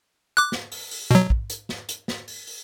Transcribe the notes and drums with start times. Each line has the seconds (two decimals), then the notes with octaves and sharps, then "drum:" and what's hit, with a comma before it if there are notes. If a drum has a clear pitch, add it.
0.37 D6 F#6
0.52 drum: snare
0.72 drum: open hi-hat
0.91 drum: open hi-hat
1.11 B2 F#3, drum: hi-hat
1.30 drum: kick
1.50 drum: hi-hat
1.69 drum: snare
1.89 drum: hi-hat
2.08 drum: snare
2.28 drum: open hi-hat
2.47 drum: open hi-hat